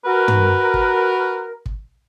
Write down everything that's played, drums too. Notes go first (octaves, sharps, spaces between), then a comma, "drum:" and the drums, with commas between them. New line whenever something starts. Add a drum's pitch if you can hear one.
F#4 A#4 B4
drum: tom
drum: kick
drum: kick